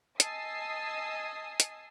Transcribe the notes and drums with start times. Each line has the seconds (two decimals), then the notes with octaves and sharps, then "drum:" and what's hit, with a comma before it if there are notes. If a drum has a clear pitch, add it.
0.20 D#5 G#5 A5 D#6 E6 C7, drum: hi-hat
1.60 drum: hi-hat